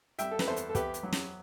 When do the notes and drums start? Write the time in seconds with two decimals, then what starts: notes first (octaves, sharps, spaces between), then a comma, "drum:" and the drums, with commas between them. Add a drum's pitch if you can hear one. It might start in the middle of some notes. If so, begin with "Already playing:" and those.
0.19 G3 E5 G5, drum: hi-hat
0.31 A4
0.39 B4, drum: snare
0.47 E2 A4 C5
0.56 drum: hi-hat
0.69 A4
0.75 E2 G4 B4, drum: kick, hi-hat
0.94 drum: hi-hat
1.03 F#3
1.12 drum: snare